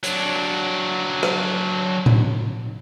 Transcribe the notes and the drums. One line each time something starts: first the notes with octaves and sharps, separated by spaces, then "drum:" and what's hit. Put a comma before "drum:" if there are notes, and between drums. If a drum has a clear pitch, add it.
F#3 D4, drum: hi-hat
drum: rim click
drum: tom A2